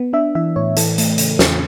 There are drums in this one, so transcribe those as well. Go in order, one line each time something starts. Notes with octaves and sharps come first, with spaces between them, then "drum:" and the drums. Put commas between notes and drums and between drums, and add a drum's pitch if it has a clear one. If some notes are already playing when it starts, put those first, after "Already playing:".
Already playing: B3
D4 E5
E3 E5
A2 C#5
E3 A4, drum: hi-hat
A3, drum: hi-hat
C#3, drum: hi-hat
E2, drum: snare